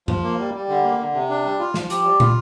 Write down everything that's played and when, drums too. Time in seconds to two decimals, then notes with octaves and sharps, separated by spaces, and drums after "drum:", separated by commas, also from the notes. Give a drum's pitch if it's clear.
0.08 F3, drum: tom F#2
0.23 A#3
0.39 G3
0.54 G3
0.69 D3
0.83 A#3
0.99 D3
1.14 C3
1.29 D4
1.44 G3
1.59 F4
1.74 F3, drum: snare
1.90 G4, drum: hi-hat
2.04 G3
2.20 F4, drum: tom